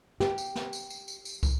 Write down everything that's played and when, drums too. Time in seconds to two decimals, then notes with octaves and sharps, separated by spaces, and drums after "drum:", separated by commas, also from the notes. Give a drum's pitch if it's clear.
0.20 G4, drum: snare
0.38 drum: tambourine
0.55 drum: snare
0.73 drum: tambourine
0.90 drum: tambourine
1.08 drum: tambourine
1.25 drum: tambourine
1.43 drum: kick, tambourine